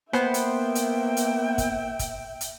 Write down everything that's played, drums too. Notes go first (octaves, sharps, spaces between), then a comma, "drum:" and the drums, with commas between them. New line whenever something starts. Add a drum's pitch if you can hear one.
A#3 B3 C5 E5 G5, drum: rim click
drum: hi-hat
drum: hi-hat
drum: hi-hat
drum: kick, hi-hat
drum: kick, hi-hat
drum: hi-hat